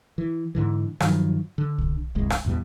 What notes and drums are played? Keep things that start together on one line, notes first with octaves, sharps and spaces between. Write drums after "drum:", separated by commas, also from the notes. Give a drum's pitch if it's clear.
E3
G#2 D3 E3
G2 D#3 F3 F#3, drum: rim click
D3
drum: kick
D1 G1 C2 G#3
drum: rim click
A1 E2 B2 G3